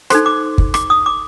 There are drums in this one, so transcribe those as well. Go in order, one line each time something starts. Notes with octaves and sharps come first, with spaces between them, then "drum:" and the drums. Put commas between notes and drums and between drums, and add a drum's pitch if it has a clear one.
D#4 A4 C5 C6, drum: rim click
D6
drum: kick
D6, drum: rim click
D#6
D6